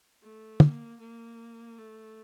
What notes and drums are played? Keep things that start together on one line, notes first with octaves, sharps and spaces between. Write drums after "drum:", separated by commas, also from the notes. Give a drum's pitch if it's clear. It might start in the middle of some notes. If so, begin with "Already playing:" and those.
A3
A#3, drum: tom
A#3
A3